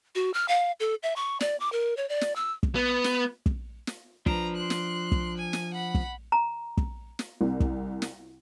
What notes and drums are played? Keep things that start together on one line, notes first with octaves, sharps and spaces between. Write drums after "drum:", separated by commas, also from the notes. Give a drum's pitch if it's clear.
F#4
F6
F5
A4
E5
C#6
D5, drum: snare
D6
A#4
C#5
D5
drum: snare
E6
drum: kick
B3
drum: snare
drum: kick
drum: snare
F3 D4 B4 A#5, drum: kick
C6 F#6
drum: snare
drum: kick
G#5
drum: snare
F#5 B5
drum: kick
A#5
drum: kick
drum: snare
C2 C3
drum: kick
drum: snare